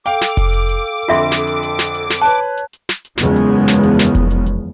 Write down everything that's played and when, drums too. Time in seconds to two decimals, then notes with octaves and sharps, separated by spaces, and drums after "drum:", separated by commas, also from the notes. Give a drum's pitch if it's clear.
0.06 A4 F5 G5 D6, drum: hi-hat
0.21 drum: snare
0.37 drum: kick F1, hi-hat
0.53 drum: hi-hat
0.69 drum: hi-hat
1.08 F2 D3 F4 E5 C6
1.32 drum: snare
1.47 drum: hi-hat
1.63 drum: hi-hat
1.79 drum: snare
1.95 drum: hi-hat
2.10 drum: snare
2.21 B4 C#5 A5 F#6
2.57 drum: hi-hat
2.73 drum: hi-hat
2.89 drum: snare
3.05 drum: hi-hat
3.18 F#1 E2 C#3 F3 G#3 B3, drum: snare
3.36 drum: hi-hat
3.68 drum: snare
3.83 drum: hi-hat
3.99 drum: snare
4.15 drum: kick F1, hi-hat
4.31 drum: hi-hat
4.46 drum: hi-hat